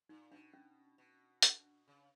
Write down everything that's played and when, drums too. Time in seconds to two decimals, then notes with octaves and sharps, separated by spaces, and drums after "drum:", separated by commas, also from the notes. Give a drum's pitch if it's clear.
0.09 A#2 D#4
0.32 B2 D4
0.54 C#4
0.98 B2
1.42 D4, drum: hi-hat
1.88 C#3